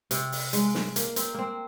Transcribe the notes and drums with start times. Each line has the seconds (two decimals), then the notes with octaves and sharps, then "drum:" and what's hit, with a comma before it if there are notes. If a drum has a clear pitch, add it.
0.11 C3, drum: hi-hat
0.32 drum: open hi-hat
0.53 G#3, drum: hi-hat
0.75 drum: snare
0.96 A#3, drum: hi-hat
1.16 C4, drum: hi-hat
1.34 A#3 C4